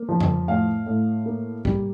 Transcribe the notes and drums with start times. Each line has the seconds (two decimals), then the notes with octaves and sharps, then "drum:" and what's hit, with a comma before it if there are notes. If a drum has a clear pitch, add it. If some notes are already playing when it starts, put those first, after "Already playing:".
Already playing: A#3
0.09 F3
0.21 drum: tom F2
0.47 A2 F5
0.86 A2
1.26 A#3
1.65 G3, drum: kick